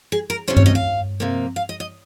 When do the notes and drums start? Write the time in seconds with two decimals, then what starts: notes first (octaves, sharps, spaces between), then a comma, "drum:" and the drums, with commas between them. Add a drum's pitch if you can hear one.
0.12 G#4
0.30 A#4
0.48 C3 G3 C#4 C5
0.57 C#5, drum: tom G2
0.66 D#5
0.75 F5
1.20 C3 F3 A#3
1.56 F5
1.69 D#5
1.80 D#5